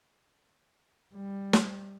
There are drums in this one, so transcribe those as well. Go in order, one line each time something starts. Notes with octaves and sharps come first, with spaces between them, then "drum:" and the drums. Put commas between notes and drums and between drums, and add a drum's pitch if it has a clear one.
G3
drum: snare